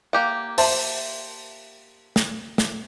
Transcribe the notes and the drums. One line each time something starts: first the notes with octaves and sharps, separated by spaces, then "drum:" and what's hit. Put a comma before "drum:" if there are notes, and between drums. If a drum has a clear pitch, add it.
A#3 G4 F#5
C5 E5 A5, drum: open hi-hat
drum: snare
drum: snare